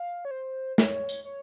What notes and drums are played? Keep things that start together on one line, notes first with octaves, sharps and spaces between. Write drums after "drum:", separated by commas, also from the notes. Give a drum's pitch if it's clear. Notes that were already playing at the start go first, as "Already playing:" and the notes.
Already playing: F5
C#5
C5
C#5, drum: snare
drum: tambourine
C#5